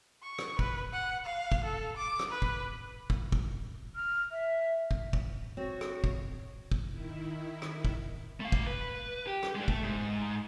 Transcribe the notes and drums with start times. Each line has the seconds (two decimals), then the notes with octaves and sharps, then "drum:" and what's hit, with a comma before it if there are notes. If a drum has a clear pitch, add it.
0.23 C#6
0.39 drum: rim click
0.59 B4, drum: kick
0.93 F#5
1.26 F5
1.52 drum: kick
1.64 A4
1.97 D6
2.19 drum: rim click
2.31 B4
2.42 drum: kick
3.10 drum: kick
3.32 drum: kick
3.95 F6
4.31 E5
4.91 drum: kick
5.13 drum: kick
5.57 C4 F#4 C#5
5.81 drum: rim click
6.04 drum: kick
6.72 drum: kick
6.89 D#3 E4
7.62 drum: rim click
7.85 drum: kick
8.40 A3 F5
8.52 drum: kick
8.67 B4
9.27 G4
9.43 drum: rim click
9.55 G#3 D4
9.68 A3, drum: kick
9.83 G#2